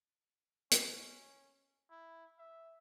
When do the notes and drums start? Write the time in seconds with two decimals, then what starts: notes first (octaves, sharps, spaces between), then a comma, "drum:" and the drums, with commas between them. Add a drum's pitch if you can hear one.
0.71 C#4, drum: hi-hat
1.90 E4
2.39 E5